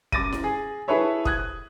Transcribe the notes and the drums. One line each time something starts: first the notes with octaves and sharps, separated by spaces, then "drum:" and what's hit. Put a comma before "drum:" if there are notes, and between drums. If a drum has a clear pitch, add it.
F#2 D6 A6 A#6 D#7, drum: kick
drum: snare E4
G#4
E4 G#4 A4 B4 C#5 E5
D#6 F#6 G#6, drum: kick